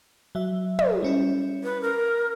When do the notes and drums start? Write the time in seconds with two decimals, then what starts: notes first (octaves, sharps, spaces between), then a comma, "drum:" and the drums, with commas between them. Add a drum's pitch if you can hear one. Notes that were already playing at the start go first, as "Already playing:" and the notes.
0.35 F#3 E5
0.79 drum: tom
1.02 G3 C#4 E4
1.63 B4
1.82 A#4